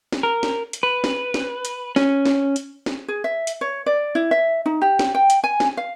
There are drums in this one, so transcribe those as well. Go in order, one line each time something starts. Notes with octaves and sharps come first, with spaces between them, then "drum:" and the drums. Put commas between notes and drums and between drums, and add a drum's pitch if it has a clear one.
drum: snare
A#4
drum: snare
drum: hi-hat
B4
drum: snare
drum: snare
drum: hi-hat
C#4, drum: snare
drum: snare
drum: hi-hat
drum: snare
G#4
E5
drum: hi-hat
C#5
D5
E4
E5
D#4
G4
drum: snare
G5
drum: hi-hat
G#5
drum: snare
F5